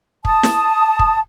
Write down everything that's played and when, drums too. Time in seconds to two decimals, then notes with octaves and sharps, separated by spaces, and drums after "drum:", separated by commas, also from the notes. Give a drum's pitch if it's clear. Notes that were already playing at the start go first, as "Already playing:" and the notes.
0.25 A5 D#6, drum: kick
0.43 drum: snare
0.99 drum: kick